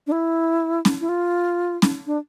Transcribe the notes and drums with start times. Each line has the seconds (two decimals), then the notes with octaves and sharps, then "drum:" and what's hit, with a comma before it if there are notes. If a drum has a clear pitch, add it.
0.07 D4
0.12 E4
0.85 drum: snare C#4
1.01 E4
1.09 F4
1.82 drum: snare C#4
2.07 D4